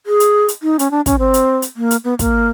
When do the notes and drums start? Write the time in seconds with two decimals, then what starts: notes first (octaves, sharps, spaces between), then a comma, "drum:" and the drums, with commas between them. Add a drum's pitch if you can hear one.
0.06 G#4
0.20 drum: hi-hat
0.48 drum: hi-hat
0.63 D#4
0.79 C#4, drum: hi-hat
0.91 D4
1.06 C#4, drum: kick, hi-hat
1.19 C4
1.34 drum: hi-hat
1.62 drum: hi-hat
1.76 A#3
1.91 drum: hi-hat
2.04 B3
2.19 A#3, drum: kick, hi-hat